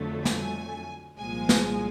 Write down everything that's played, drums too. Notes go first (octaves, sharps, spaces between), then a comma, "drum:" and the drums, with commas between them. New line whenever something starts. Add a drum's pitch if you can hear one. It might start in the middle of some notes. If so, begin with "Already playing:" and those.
Already playing: F2 D3 F#3 A3
G#5, drum: snare
C2 A#2 F3 G#3 G#5
drum: snare